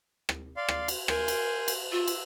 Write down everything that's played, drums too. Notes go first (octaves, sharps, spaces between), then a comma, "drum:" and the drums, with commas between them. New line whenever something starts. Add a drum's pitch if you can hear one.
drum: rim click
D5 F5 C6
drum: rim click
drum: cymbal
A#4 G#5 C6 G6, drum: rim click
drum: cymbal
drum: cymbal
F4 E6
drum: cymbal